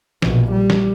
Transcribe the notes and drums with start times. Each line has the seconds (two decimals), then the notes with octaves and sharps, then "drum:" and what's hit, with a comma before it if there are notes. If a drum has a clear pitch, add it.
0.22 A#1 B2, drum: snare
0.51 G3
0.70 drum: snare